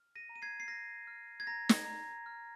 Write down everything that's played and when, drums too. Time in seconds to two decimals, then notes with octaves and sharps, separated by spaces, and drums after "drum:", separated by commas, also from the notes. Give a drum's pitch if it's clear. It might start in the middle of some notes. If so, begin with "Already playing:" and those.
Already playing: F6
0.15 A#6 D#7
0.29 A#5
0.36 D#7
0.42 G#6 C7
0.60 C7
0.68 F6 A#6
1.07 F6
1.40 G#6
1.47 A#5 A#6
1.69 drum: snare
1.86 A#5
2.26 F6